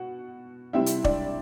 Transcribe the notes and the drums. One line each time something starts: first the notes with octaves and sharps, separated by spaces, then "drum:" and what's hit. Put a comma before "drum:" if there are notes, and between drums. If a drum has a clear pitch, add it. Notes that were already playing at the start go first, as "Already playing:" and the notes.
Already playing: B2 F#4 F#5
C3 G3 C4 E4 E5
drum: hi-hat
D4 D5, drum: kick E1